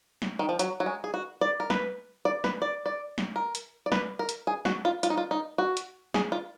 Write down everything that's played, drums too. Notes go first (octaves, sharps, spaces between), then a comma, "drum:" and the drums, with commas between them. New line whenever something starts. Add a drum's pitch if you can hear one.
drum: snare
D#3
F3
F#3, drum: hi-hat
F#3
G#3
G#4
F#4
D5
A#4
B4, drum: snare
D5
B4, drum: snare
D5
D5
drum: snare
A#4
drum: hi-hat
D5
B4, drum: snare
A#4
drum: hi-hat
G#4
F#4, drum: snare
F4
F4, drum: hi-hat
D#4
F4
D#4
F#4
drum: hi-hat
G#4, drum: snare
F4